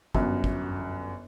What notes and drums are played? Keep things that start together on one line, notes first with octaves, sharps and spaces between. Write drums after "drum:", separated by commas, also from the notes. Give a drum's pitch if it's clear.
G1 F#2, drum: kick
drum: kick